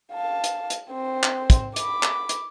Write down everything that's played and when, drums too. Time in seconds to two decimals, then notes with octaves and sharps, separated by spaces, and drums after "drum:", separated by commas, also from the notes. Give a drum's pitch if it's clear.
0.12 F5 A5
0.44 drum: hi-hat
0.70 drum: hi-hat
0.90 C4 C5
1.23 drum: clap
1.50 drum: kick, hi-hat
1.76 B5 D6, drum: hi-hat
2.03 drum: clap
2.29 drum: hi-hat